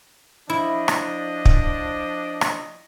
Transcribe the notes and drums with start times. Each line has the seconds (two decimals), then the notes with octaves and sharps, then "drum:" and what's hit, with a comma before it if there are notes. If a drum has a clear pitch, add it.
0.50 F3 D4 E4 D#5
0.88 drum: rim click
1.45 drum: kick
2.41 drum: rim click